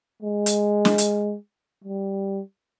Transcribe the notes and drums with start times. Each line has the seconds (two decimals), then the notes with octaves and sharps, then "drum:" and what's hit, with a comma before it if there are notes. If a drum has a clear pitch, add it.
0.22 G#3
0.46 drum: hi-hat
0.85 drum: snare
0.98 drum: hi-hat
1.84 G3